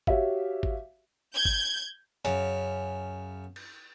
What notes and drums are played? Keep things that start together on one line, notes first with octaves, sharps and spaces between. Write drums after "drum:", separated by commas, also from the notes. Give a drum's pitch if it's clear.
F#4 G4 C#5 E5 F5, drum: kick G#1
drum: kick G#1
G6 G#6
drum: kick G#1
F#2 C#3, drum: hi-hat
drum: cymbal